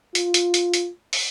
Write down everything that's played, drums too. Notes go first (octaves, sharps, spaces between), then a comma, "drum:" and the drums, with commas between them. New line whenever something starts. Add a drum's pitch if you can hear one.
F4, drum: hi-hat
drum: hi-hat
drum: hi-hat
drum: hi-hat
drum: open hi-hat